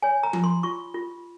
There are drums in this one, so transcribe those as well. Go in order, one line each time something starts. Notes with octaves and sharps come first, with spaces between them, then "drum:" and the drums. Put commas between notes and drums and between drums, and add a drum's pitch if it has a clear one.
C#5 G#5
A#5
F4, drum: tom F3
C6
F4 C#6
F4